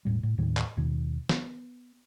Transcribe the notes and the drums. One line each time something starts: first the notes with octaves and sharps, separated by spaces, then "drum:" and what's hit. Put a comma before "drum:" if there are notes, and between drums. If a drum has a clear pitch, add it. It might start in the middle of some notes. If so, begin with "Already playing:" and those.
E1 A2 G3
A2
D#2 A2 D#3 F#3
drum: clap
D#2 B2 D#3
B3, drum: snare